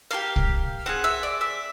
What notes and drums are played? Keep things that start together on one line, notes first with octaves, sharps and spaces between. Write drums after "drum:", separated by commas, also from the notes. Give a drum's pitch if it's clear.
A#3 D4 G4 F5
drum: kick
C4 E4 G#4 F#5
E5
D5
E5